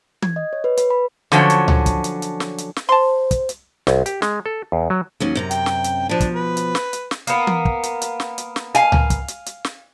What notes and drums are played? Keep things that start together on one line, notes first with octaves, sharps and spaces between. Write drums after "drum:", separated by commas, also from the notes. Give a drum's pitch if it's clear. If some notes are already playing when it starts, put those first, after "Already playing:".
G#6, drum: tom E3
D#5
C#5
B4
B4, drum: hi-hat
B5
D3 F3 F#3 C4 C#4, drum: snare
drum: hi-hat
drum: tom C#2
drum: kick, hi-hat
drum: hi-hat
drum: hi-hat
drum: snare
drum: hi-hat
drum: snare
C5 A5 C6
drum: kick, hi-hat
drum: hi-hat
C2, drum: snare
G4, drum: hi-hat
G#3, drum: snare
A4
E2
F#3
D#2 F#3 C#4
F#2 C3 A#5
G5, drum: hi-hat
drum: snare
drum: hi-hat
B2 F3 D4
drum: kick, hi-hat
B4
drum: hi-hat
drum: snare
drum: hi-hat
drum: snare
A#3 B3, drum: hi-hat
drum: tom E3
drum: kick
drum: hi-hat
drum: hi-hat
drum: snare
drum: hi-hat
drum: snare
F5 G#5, drum: hi-hat
drum: tom C#2
drum: kick, hi-hat
drum: hi-hat
drum: hi-hat
drum: snare